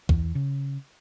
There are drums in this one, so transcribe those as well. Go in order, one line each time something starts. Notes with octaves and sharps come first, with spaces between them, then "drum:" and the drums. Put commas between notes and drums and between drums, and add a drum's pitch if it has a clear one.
E2, drum: kick
C#3